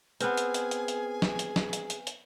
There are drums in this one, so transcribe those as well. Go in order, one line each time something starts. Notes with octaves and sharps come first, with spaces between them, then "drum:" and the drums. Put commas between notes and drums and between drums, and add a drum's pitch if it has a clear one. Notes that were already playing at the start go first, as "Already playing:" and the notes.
B3 C4 G#4 B4 G#5 F6, drum: hi-hat
drum: hi-hat
drum: hi-hat
drum: hi-hat
drum: hi-hat
drum: snare
drum: hi-hat
drum: snare
drum: hi-hat
drum: hi-hat
drum: hi-hat